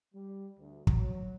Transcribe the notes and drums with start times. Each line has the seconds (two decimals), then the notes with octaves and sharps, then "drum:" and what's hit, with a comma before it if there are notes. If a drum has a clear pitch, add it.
0.15 G3
0.58 D2
0.87 F#3, drum: kick